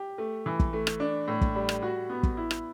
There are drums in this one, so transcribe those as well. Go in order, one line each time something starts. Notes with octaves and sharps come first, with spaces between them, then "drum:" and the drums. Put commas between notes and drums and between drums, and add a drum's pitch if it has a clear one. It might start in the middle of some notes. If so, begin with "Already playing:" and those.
Already playing: G4
A3
E3
drum: kick
A3
drum: rim click
D4
A2
drum: kick
G3
drum: rim click
F#4
B3
drum: kick
E4
drum: rim click